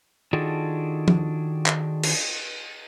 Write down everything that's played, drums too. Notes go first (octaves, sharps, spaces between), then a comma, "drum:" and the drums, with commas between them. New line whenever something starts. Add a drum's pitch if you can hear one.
D#3 D4 F4 F#4 G#4 A4
drum: tom F3
drum: clap
drum: cymbal